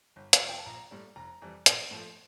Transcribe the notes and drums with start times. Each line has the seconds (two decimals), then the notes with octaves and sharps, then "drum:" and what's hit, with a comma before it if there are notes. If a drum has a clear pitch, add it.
0.16 G1
0.33 E5, drum: hi-hat
0.42 F2 C3 F3 F5
0.49 G5
0.58 A5
0.66 A#1 A#5
0.91 A2 G3
1.16 F1 A#5
1.42 F2 E3 G3
1.66 A#1, drum: hi-hat
1.91 A2 F3 A3